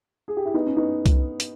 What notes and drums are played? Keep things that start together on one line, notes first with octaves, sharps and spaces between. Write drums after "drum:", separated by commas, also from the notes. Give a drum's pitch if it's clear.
G#4
G4
E4
B3 D#4
C#4
B3 D#4
drum: kick C2, hi-hat
drum: hi-hat